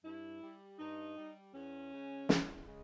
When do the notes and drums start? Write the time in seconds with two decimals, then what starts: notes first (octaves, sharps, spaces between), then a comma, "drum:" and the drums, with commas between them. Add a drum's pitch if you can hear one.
0.04 G2 E4
0.42 G3
0.79 G2 D#4
1.17 G3
1.54 E2 C#4
1.91 C#3 G#3
2.29 E2, drum: snare
2.66 C#3 G#3